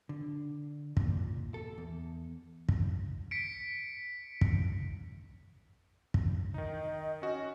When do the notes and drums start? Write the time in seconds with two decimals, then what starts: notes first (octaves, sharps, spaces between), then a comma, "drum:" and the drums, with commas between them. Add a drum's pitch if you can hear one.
0.09 D3
0.97 A#2, drum: kick
1.54 A4
1.78 E2
2.69 drum: kick
3.31 B6 C#7 D7
4.41 drum: kick
6.14 drum: kick
6.54 D#3 D#4 D#5
7.22 C#4 F#4